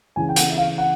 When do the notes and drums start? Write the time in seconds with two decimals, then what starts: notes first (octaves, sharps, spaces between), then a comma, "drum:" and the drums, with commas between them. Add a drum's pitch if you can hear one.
0.16 C#3 E3 G#5
0.29 G5
0.36 F#5, drum: hi-hat
0.50 E5
0.58 F5
0.78 F#5